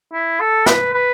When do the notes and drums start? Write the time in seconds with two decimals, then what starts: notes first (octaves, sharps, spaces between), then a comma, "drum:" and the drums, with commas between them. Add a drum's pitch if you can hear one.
0.13 E4
0.40 A4
0.66 B4, drum: snare
0.94 B4